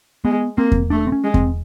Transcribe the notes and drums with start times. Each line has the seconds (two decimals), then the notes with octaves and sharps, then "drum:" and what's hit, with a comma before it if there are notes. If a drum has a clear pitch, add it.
0.24 G#3 B3
0.57 A#3 C4
0.72 drum: kick E2
0.90 A3 D4
1.07 C4
1.12 C#4
1.24 G#3
1.34 C4, drum: kick E2